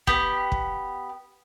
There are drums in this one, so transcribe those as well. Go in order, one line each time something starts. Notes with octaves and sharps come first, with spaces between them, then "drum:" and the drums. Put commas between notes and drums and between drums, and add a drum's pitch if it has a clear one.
B3 G4, drum: kick
drum: kick